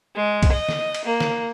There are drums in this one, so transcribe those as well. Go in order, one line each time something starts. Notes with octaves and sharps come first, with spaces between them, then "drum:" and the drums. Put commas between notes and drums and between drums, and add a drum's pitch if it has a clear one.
G#3
drum: kick, cymbal
D#5
drum: snare
drum: cymbal
A#3
drum: snare